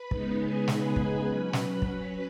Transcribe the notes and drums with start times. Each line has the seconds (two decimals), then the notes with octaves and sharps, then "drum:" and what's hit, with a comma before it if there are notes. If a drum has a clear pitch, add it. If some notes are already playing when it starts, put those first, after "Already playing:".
Already playing: B4 B5
0.11 C#3 G#3 B3 D#4, drum: kick
0.39 G#4 G#5
0.68 G#4 G#5, drum: snare
0.96 drum: kick
1.24 F#3 C#4 B4 B5
1.53 drum: snare
1.82 B4 B5, drum: kick